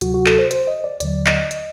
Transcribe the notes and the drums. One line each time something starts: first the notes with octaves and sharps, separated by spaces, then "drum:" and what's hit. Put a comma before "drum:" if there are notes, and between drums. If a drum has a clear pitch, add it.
D2 C3 F#3 F#4, drum: hi-hat
F#4
A4, drum: clap
C5
C5, drum: hi-hat
D#5
D5
D#2 D3 F#3 D5, drum: hi-hat
D#5, drum: clap
D#5, drum: hi-hat